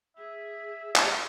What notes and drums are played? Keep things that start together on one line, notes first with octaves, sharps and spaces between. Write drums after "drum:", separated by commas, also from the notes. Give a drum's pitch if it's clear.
G#4 E5
drum: clap